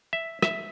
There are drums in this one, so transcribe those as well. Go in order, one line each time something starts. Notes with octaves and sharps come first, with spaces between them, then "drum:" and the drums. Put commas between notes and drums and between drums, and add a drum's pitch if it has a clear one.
E5
E5, drum: rim click